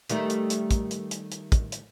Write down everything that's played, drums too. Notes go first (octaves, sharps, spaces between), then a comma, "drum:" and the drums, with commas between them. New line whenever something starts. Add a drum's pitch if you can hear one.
D#3 G3 A3, drum: hi-hat
drum: hi-hat
drum: hi-hat
drum: kick, hi-hat
drum: hi-hat
drum: hi-hat
drum: hi-hat
drum: kick, hi-hat
drum: hi-hat